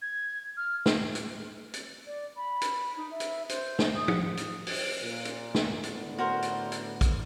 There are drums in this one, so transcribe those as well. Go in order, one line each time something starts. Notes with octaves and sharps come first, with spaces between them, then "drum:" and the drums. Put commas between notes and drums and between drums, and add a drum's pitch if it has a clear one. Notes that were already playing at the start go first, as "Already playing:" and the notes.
G#6
F6
drum: snare
drum: hi-hat
drum: hi-hat
D5
B5
drum: hi-hat
D#4
E5
drum: hi-hat
C5, drum: hi-hat
drum: snare
D#6
drum: tom
drum: hi-hat
drum: open hi-hat
A#2
drum: hi-hat
drum: snare
A2 D3 B3, drum: hi-hat
F#4 A#4 C5
drum: hi-hat
drum: hi-hat
drum: kick, hi-hat